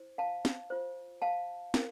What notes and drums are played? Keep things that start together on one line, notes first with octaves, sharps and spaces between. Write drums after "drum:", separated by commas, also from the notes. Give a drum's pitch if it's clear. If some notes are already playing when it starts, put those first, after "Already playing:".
Already playing: E4 C5
F5 A5
drum: snare
F4 C5
F5 A5
E4 A#4, drum: snare